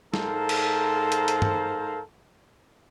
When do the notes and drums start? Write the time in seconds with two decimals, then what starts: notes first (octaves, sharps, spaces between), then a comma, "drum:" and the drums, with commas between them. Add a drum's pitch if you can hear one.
0.14 G#2 A4 A#4 C5 F5 A#5, drum: snare
0.49 drum: cymbal
1.12 drum: hi-hat
1.28 drum: hi-hat
1.42 drum: tom